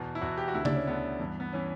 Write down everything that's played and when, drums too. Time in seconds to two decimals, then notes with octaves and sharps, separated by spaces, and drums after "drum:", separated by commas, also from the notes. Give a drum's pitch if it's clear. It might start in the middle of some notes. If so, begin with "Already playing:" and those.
Already playing: E2 B2
0.15 E4
0.21 E2 B2 F#4
0.37 G4
0.48 F#4
0.54 D2 D3 E4
0.65 D4, drum: tom C#3
0.76 C#4
0.87 D2 D3 B3
1.19 G2 E3
1.40 B3
1.53 E3 C#4